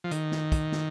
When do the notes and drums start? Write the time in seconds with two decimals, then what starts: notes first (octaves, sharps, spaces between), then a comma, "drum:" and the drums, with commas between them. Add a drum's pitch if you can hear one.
0.04 F3
0.11 D#3, drum: hi-hat
0.32 drum: snare
0.52 drum: kick, hi-hat
0.72 drum: snare